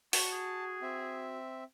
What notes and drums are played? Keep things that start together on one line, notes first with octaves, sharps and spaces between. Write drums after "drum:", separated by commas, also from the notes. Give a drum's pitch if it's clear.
F#4 A5 C#6, drum: open hi-hat
G#4
C4 E5